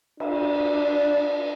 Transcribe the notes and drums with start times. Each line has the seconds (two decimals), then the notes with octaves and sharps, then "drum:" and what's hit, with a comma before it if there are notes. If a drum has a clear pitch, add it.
0.20 D4, drum: cymbal